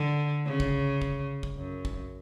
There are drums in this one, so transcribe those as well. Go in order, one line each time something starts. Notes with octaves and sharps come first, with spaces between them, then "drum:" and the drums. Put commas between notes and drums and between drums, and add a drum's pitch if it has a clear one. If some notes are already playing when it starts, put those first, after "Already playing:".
Already playing: D3
C#3
drum: kick
drum: kick
drum: kick
F#2
drum: kick